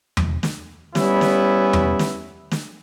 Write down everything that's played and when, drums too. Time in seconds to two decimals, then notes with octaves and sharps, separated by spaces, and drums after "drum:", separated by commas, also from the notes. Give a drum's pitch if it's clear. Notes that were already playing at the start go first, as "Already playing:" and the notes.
0.17 drum: tom E2
0.43 drum: snare
0.95 G3 B3 C#4 E4, drum: snare
1.21 drum: snare
1.73 drum: tom E2
1.99 drum: snare
2.51 drum: snare